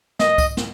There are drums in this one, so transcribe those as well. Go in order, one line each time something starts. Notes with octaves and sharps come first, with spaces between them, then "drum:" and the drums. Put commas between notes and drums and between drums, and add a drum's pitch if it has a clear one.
D#5, drum: snare
drum: kick C#2, tambourine
drum: snare